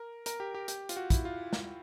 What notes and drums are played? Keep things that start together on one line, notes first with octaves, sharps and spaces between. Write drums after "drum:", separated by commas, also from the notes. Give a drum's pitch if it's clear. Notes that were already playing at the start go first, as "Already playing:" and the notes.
Already playing: A#4
A#4, drum: hi-hat
G4
G4
G4, drum: hi-hat
F4, drum: hi-hat
F#4
E4, drum: kick, hi-hat
F4
drum: snare